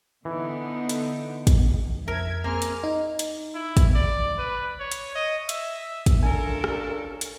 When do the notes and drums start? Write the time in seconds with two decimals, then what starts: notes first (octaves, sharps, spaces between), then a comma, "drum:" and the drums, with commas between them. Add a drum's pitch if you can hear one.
0.25 D3 E3 B3 D#4
0.89 drum: hi-hat
1.47 drum: kick, hi-hat
2.08 F2 A#4 E5 G#6
2.44 A#3 C4 G#4 F6
2.62 drum: hi-hat
2.84 D#4
3.19 drum: hi-hat
3.55 E4
3.77 drum: kick, hi-hat
3.95 D5
4.39 B4
4.80 C#5
4.92 drum: hi-hat
5.15 D#5
5.49 E5, drum: hi-hat
6.06 drum: kick, hi-hat
6.23 C#4 D4 F4 A4 A#4 G#5
6.64 drum: rim click
7.21 drum: hi-hat